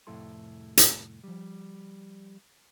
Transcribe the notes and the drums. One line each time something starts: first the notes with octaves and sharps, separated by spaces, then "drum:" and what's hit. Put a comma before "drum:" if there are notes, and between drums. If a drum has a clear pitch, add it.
C2 F2 A2 E4 A4 C6
drum: hi-hat
F3 G3